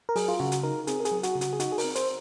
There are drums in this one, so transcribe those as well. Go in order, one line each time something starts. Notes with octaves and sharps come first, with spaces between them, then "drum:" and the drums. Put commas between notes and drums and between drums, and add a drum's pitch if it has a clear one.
A#4
F#3 G#4, drum: open hi-hat
F4
C#3 F#4
drum: hi-hat
D#4 A#4
C4 G#4, drum: hi-hat
A#4
G#4, drum: hi-hat
F#3
F#4, drum: hi-hat
C#3
F#4, drum: hi-hat
G#4
D#4 F#4, drum: hi-hat
G#4
A#4, drum: open hi-hat
C4
C5, drum: hi-hat